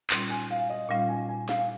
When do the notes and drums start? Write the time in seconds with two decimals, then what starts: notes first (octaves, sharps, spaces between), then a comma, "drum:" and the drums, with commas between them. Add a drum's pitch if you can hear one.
0.10 A#2 G3 C#4 F4 C6, drum: clap
0.30 G#5
0.50 F5
0.70 D#5
0.89 A#2 G3 C#4 F4 F5
1.09 G#5
1.29 G#5
1.49 F5, drum: snare